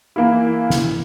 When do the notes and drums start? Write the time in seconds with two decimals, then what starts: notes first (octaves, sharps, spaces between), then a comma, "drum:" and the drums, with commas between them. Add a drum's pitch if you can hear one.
0.16 E3 A#3 E4
0.70 drum: snare